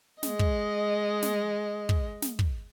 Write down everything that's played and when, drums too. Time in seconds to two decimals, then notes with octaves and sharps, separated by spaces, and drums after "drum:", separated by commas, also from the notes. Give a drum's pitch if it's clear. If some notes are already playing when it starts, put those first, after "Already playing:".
0.23 G#3 D#5, drum: snare
0.39 drum: kick
1.22 drum: snare
1.89 drum: kick
2.22 drum: snare
2.39 drum: kick